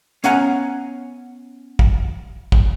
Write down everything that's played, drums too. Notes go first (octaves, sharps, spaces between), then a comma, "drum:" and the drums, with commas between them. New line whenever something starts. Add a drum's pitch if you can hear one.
B3 C#4 F5 F#5 G#5 A#5, drum: hi-hat
drum: kick
drum: kick